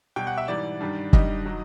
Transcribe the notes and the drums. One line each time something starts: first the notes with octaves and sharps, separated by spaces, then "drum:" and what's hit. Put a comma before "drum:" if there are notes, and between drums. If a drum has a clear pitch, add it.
B2 G3 G5
F#5
E5
G#2 E3 G3 D5
G2 D#3 G3
G2 D#3 G3 D#5, drum: kick
D#3 F#3